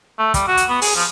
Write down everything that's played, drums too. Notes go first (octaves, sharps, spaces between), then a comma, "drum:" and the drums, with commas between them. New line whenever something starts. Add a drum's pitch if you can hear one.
A3
G3, drum: kick, hi-hat
F#4
drum: hi-hat
B3
G#4, drum: open hi-hat
F3